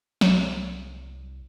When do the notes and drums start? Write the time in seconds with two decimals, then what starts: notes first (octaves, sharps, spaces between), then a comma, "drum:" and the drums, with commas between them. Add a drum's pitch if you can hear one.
0.21 C2, drum: snare